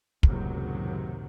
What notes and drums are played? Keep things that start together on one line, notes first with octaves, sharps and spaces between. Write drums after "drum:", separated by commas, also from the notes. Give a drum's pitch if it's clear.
F#1 C#2 A2 C3 D#3 F#3, drum: kick